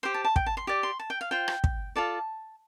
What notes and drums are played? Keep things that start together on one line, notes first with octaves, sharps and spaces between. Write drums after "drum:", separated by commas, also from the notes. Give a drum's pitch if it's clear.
G4 C5 C6
A5
A5
G5, drum: kick
A5
C6
G4 D5 D6
C6
A5
G5
F5
F4 C5 G5
drum: rim click
drum: kick
F4 A4 D5 A5